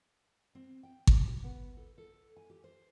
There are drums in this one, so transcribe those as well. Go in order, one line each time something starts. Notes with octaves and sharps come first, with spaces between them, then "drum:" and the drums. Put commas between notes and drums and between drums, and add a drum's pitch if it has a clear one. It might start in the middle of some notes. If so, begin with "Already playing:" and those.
C4
G5
C5, drum: kick G#1
G4
B3
A4
A4
G#5
G4
C5